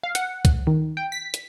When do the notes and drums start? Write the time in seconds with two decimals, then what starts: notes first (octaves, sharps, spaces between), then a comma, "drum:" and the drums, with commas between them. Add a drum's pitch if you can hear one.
0.03 F5
0.15 F#5, drum: hi-hat
0.45 drum: kick, hi-hat
0.67 D#3
0.97 G5
1.12 B6
1.34 drum: hi-hat